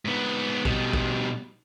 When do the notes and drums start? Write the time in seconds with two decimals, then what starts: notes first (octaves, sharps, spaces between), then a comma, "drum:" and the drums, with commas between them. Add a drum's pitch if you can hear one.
0.05 G#2 B3
0.65 B2 G3, drum: kick
0.93 drum: kick